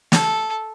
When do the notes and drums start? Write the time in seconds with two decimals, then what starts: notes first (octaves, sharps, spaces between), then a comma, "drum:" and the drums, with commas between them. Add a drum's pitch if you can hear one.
0.12 A4, drum: snare